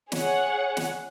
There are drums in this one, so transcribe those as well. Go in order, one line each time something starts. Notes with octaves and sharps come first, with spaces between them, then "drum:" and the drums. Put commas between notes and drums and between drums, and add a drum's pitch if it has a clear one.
G#4 C#5 F#5, drum: snare
drum: snare